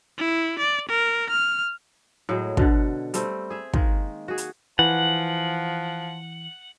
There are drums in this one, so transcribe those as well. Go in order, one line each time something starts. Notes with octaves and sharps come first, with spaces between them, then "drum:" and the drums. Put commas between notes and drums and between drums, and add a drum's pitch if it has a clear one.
E4
D5
A#4
F6
A2 F#3 G#3
B2 D3 F#5, drum: kick
G3 A3 C4, drum: hi-hat
G#4 E5
D#3 G#3 A#3, drum: kick
F#4 G#4
drum: hi-hat
E3 F3 F#5